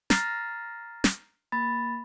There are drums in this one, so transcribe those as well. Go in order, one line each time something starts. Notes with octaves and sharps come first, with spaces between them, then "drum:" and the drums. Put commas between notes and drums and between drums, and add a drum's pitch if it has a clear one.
A#5 F6 A6 A#6 C7, drum: snare
drum: snare
A#3 B5 A6